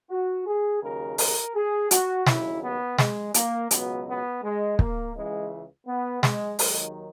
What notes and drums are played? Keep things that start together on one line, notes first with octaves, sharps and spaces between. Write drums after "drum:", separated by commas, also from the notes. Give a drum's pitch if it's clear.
F#4
G#4
D#2 C#3 F#3 A#4
A#4, drum: open hi-hat
G#4
F#4, drum: hi-hat
D#2 C#3 F#3 E4, drum: snare
B3
G#3, drum: snare
A#3, drum: hi-hat
C#2 B2 F#3 B3, drum: hi-hat
B3
G#3
A#3, drum: kick
C#2 C#3 E3 G#3
B3
G#3, drum: snare
D#2 D#3 F#3 G#3, drum: open hi-hat